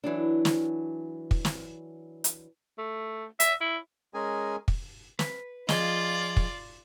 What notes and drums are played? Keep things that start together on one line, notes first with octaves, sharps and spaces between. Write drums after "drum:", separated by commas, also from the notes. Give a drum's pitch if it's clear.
E3 F#3 D4
drum: snare
drum: kick
drum: snare
drum: hi-hat
A3
E5, drum: hi-hat
E4
G#3 C#4 G#4 A#4 G#5
drum: kick
B4, drum: snare
F3 F4 G#4 D5 D#5, drum: snare
drum: kick